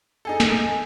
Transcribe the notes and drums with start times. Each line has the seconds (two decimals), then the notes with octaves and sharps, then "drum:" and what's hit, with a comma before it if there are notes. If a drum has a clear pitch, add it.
0.25 D#4 G#4 A4
0.40 drum: snare